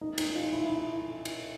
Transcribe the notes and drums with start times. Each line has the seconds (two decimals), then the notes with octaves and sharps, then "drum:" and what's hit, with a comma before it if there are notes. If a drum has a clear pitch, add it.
0.01 D#4
0.18 D#4, drum: cymbal
0.35 F4
0.53 E4
0.70 E4
1.25 drum: cymbal